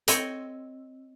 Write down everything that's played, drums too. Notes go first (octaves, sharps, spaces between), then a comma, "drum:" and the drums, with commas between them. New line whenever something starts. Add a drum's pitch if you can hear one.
C4 C#5 D#5, drum: hi-hat